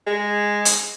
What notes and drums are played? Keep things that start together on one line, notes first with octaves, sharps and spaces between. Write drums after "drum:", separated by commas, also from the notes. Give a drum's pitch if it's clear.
G#3
drum: hi-hat